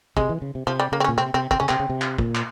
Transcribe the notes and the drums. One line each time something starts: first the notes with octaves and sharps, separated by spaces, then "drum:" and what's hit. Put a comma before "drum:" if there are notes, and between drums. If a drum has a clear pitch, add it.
C3 G#3, drum: kick
E3
C#3
C3
C3 F3
G3
C#3 A#3
C4
C#4
A#2
C3 C4
C3 C4
C3 C4, drum: kick
C#3 C#4
C3 C4, drum: clap
C#3
C3
drum: clap
A#2, drum: kick
drum: clap